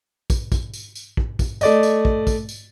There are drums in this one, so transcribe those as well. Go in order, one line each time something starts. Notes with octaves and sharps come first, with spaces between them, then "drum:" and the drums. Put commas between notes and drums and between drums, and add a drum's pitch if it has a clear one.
drum: kick, tambourine
drum: kick, tambourine
drum: tambourine
drum: tambourine
drum: kick
drum: kick, tambourine
A3 D5 D#5, drum: tambourine
drum: tambourine
drum: kick
drum: kick, tambourine
drum: tambourine